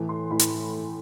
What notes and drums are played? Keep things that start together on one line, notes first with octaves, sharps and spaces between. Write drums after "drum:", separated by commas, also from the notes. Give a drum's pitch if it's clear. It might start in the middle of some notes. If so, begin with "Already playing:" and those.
Already playing: A2 E3 A3
C6
A2 E3 A3 B5
drum: hi-hat